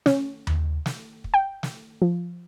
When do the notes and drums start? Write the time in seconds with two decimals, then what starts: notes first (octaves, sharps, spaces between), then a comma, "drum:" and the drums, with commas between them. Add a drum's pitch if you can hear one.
0.06 C#4, drum: snare
0.47 drum: tom D#2
0.86 drum: snare
1.24 drum: kick
1.34 G5
1.63 drum: snare
2.02 F3